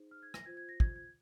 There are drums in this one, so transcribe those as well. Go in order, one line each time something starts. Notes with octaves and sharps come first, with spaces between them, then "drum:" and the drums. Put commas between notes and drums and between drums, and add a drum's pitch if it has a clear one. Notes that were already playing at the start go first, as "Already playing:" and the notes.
Already playing: D#4 G#4 C5
F6
G#6
A#6, drum: rim click
F4 C5 G#6
G#6
A#6
G#6, drum: kick
G#6